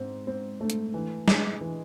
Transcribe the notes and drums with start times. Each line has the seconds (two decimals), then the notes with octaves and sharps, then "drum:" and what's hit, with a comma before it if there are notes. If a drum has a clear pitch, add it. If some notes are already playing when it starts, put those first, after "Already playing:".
Already playing: G#2 C4
0.27 C4
0.61 A3
0.70 drum: hi-hat
0.94 E3
1.28 G#3, drum: snare
1.61 E3